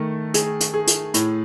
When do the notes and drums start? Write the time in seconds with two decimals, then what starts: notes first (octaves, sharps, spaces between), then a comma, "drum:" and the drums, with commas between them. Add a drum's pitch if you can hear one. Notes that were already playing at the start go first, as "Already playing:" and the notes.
Already playing: D#3 A3
0.34 G#4, drum: hi-hat
0.60 drum: hi-hat
0.74 G#4
0.87 drum: hi-hat
1.14 A2, drum: hi-hat